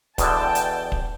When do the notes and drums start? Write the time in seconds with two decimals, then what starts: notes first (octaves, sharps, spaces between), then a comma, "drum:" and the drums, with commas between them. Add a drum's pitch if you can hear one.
0.18 E2 B2 D3 G5 A5, drum: kick, hi-hat
0.55 drum: hi-hat
0.92 drum: kick